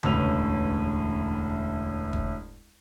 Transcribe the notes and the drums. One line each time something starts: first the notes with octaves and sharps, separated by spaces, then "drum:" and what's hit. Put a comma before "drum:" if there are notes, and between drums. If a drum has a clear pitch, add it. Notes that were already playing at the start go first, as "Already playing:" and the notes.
E1 A1 D2 C#4 B4 F7, drum: tom C#3
drum: kick